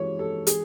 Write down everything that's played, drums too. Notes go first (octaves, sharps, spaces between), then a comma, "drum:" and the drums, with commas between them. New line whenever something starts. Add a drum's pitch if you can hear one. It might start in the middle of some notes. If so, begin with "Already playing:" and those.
Already playing: E3 G#3 C#4 F#4 C#5
A4
G#4, drum: hi-hat